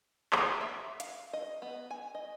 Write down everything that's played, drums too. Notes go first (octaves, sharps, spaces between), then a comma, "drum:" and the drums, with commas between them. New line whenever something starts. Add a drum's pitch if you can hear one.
F#5, drum: clap
E5
F5, drum: hi-hat
D#5
B3
G#5
D#5